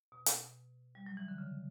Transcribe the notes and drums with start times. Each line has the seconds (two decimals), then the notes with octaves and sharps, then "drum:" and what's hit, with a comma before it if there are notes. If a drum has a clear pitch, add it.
0.12 B2
0.26 drum: hi-hat
0.95 G3
1.06 F#3
1.17 E3
1.28 D3
1.38 C#3